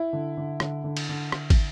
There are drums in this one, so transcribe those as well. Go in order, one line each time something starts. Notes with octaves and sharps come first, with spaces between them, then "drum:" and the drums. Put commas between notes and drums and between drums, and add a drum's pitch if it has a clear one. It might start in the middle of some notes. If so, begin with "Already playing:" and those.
Already playing: E4
D3
D3
D3, drum: rim click
D3
drum: cymbal
D3
drum: rim click
drum: kick, cymbal